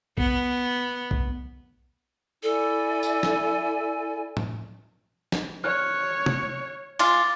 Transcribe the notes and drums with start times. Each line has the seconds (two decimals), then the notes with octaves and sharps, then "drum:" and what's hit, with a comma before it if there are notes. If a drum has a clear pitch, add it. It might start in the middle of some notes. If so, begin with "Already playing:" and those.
0.18 B3, drum: kick B1
1.11 drum: kick B1
2.43 E4 A4 D5 G#5
3.03 drum: tambourine
3.23 drum: snare
4.37 drum: tom A2
5.32 drum: snare
5.64 C#5 F6 F#6
6.26 drum: tom
6.99 G#3 F4 D6 A6, drum: cymbal